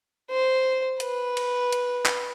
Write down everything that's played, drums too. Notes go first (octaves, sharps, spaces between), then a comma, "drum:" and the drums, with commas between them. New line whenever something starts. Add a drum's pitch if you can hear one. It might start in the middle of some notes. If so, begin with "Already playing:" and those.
C5
B4, drum: hi-hat
drum: cymbal
drum: hi-hat
drum: clap